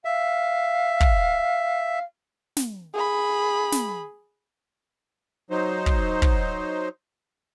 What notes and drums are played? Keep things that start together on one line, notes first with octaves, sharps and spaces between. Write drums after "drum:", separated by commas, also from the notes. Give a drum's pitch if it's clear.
E5 F5
drum: kick
drum: snare
G#4 B5
drum: snare
F#3 D#4 C5
drum: kick
drum: kick